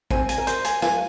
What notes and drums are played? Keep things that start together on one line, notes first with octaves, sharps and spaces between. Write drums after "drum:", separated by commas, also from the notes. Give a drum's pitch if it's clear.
C4 C5 G#5, drum: kick A1
G#5, drum: hi-hat
A#4
C5, drum: hi-hat
G#5, drum: hi-hat
F4 F5 G#5, drum: snare